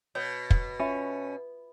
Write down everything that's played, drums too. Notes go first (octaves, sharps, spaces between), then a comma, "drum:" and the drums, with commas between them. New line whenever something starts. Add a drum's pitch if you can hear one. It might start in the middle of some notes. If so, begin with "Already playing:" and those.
B2 C#5
drum: kick
C#4 F4 E5